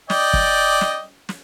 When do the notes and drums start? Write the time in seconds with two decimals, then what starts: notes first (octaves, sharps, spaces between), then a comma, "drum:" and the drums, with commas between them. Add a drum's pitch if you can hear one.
0.10 D5 D#5 G5, drum: snare
0.33 drum: kick
0.81 drum: snare
1.29 drum: snare